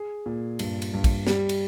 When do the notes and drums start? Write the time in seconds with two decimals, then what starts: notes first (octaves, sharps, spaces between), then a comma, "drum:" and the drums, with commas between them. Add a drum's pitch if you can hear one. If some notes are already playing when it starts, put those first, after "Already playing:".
Already playing: G#4
0.26 A#2
0.59 G2, drum: cymbal
0.82 drum: cymbal
0.93 G2
1.04 drum: kick, cymbal
1.27 G3, drum: snare
1.49 drum: cymbal